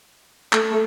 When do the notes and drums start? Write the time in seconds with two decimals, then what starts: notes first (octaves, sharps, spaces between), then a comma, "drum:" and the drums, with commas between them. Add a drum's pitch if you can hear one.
0.53 A3, drum: clap